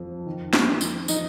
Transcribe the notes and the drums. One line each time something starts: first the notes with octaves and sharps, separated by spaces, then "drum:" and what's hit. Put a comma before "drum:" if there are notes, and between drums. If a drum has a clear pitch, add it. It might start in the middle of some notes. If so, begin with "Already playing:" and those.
Already playing: F2 F3
D#3
drum: snare
F2
drum: tambourine
F3 D#4, drum: tambourine